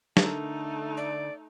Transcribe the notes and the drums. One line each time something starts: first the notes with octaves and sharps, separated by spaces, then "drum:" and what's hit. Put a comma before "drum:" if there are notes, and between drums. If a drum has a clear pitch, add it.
D3 A3 D4 D#4 A#4, drum: snare
D5